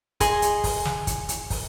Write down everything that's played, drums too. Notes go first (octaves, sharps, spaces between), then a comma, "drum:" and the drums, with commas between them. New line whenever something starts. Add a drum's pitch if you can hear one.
G#4 D#5 C6, drum: kick, hi-hat
drum: hi-hat
drum: kick, open hi-hat
drum: snare
drum: kick, hi-hat
drum: hi-hat
drum: kick, open hi-hat